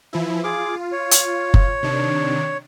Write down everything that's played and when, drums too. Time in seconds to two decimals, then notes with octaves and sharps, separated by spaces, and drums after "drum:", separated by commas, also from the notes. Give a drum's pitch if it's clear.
0.13 E3 F3 E4
0.44 F4 G#4 D6
0.92 C#5
1.11 drum: hi-hat
1.54 drum: kick F#1
1.83 C3 D#3 D4